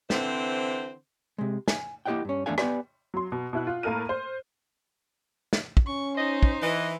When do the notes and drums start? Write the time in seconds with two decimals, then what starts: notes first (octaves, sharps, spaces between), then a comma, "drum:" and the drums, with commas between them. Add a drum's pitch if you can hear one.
0.10 D3 E3 C4 C5, drum: snare
1.38 C3 G#3
1.68 G#5, drum: snare
2.06 A#3 E4 G4 D#5 F#5 G5
2.25 G2 C#4
2.46 E2 A3 D4 A4 F5 G#5
2.58 B3 G4 B4 D5 G#5, drum: rim click
3.14 F#3 C6
3.32 B2
3.53 B2 E4 F#6
3.67 F4
3.83 A2 A#3 A4 A#4 F6 D#7
4.09 C5
5.53 drum: snare
5.77 drum: kick
5.87 C#4 C#6
6.17 D#4 C5 D#5
6.43 drum: kick
6.63 E3 D#5